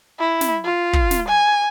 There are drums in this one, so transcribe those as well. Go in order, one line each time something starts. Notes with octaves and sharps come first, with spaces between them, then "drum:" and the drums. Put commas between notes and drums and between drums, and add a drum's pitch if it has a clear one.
E4
drum: snare
F4
drum: kick
drum: snare
G#5